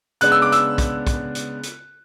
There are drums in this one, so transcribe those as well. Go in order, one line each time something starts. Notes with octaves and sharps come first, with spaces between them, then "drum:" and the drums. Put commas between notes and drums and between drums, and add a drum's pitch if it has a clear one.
C#3 G#3 B3 D4 F#6, drum: hi-hat
E6
D6
E6, drum: hi-hat
drum: kick, hi-hat
drum: kick, hi-hat
drum: hi-hat
drum: hi-hat